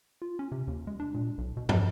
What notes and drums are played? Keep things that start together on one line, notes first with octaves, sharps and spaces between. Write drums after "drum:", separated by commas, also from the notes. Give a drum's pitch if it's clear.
F4
C#4
C3
D#2
G#3
D4
A#2
B1
B2
F2, drum: tom